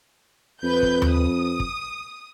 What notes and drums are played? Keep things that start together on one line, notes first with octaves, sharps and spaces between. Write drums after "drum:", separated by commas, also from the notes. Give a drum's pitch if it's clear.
F2 B4 G6
drum: kick
drum: tom D#2
D#6
drum: kick